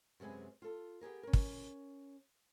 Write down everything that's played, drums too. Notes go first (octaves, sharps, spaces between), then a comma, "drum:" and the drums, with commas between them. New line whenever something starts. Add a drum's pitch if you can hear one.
F#2 C3 G#3 B4 G#5
F4 A4
B3 G4 G#4 A#4
C#4 A#4
drum: kick